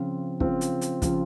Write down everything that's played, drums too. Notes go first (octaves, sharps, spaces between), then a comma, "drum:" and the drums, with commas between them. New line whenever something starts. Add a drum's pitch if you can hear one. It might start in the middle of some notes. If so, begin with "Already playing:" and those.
Already playing: C#3 F3 C4 F4
C#3 F3 C4 F4, drum: kick
drum: hi-hat
drum: hi-hat
C#3 F3 C4 F4, drum: kick, hi-hat